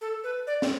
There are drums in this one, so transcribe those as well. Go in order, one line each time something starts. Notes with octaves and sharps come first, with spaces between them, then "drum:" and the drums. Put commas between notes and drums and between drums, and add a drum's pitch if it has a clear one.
A4
B4
D5
drum: snare